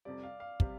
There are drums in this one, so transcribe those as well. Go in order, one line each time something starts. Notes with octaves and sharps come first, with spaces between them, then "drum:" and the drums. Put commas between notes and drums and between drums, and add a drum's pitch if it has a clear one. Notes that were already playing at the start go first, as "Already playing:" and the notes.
F2 C3 G3 D5
F5
F5
C3 G3, drum: kick